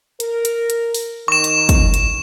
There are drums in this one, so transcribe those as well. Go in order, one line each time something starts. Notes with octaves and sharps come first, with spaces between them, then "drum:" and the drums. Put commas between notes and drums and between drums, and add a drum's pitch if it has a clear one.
A#4, drum: hi-hat
drum: hi-hat
drum: hi-hat
drum: open hi-hat
D#3 C#6 E7
drum: hi-hat
drum: kick, hi-hat
drum: hi-hat